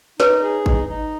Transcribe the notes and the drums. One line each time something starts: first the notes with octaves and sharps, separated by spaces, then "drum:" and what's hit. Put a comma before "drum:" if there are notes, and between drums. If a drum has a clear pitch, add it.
D#4 B4 C#5, drum: snare
G#4
D#4, drum: kick G#1
D#4